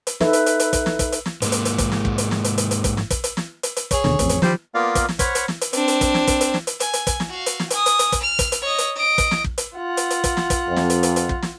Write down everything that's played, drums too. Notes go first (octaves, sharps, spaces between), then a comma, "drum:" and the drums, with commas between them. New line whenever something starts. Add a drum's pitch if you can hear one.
drum: hi-hat
D#4 A4 B4 E5, drum: snare
drum: hi-hat
drum: hi-hat
drum: hi-hat
drum: kick, hi-hat
drum: snare
drum: kick, hi-hat
drum: hi-hat
drum: snare
G#2 G#3 A#3, drum: hi-hat
drum: hi-hat
drum: hi-hat
drum: kick, hi-hat
drum: snare
drum: kick
drum: hi-hat
drum: snare
drum: hi-hat
drum: hi-hat
drum: hi-hat
drum: kick, hi-hat
drum: snare
drum: kick, hi-hat
drum: hi-hat
drum: snare
drum: hi-hat
drum: hi-hat
G#4 C#5, drum: kick, hi-hat
D#2 B2 D3, drum: snare
A1 F2 C4, drum: kick, hi-hat
drum: hi-hat
D#3 F3 G3 G4 C5, drum: snare
A#3 B3 F4 A#4 D5 F5
drum: kick, hi-hat
drum: snare
C5 C#5 F#5 B5 C#6 F6, drum: kick, hi-hat
drum: hi-hat
drum: snare
drum: hi-hat
C4 D4, drum: hi-hat
drum: hi-hat
drum: kick, hi-hat
drum: snare
drum: kick, hi-hat
drum: hi-hat
drum: snare
drum: hi-hat
G#5, drum: hi-hat
drum: hi-hat
drum: kick, hi-hat
drum: snare
F#4 F5
drum: hi-hat
drum: snare
G#5 D#6, drum: hi-hat
drum: hi-hat
drum: hi-hat
drum: kick, hi-hat
F6
drum: kick, hi-hat
drum: hi-hat
C#5 D#5
drum: hi-hat
D#5 D7
drum: kick, hi-hat
drum: snare
drum: kick
drum: hi-hat
F4 F#5
drum: hi-hat
drum: hi-hat
drum: kick, hi-hat
drum: snare
drum: kick, hi-hat
F2
drum: snare
drum: hi-hat
drum: hi-hat
drum: hi-hat
drum: kick
drum: snare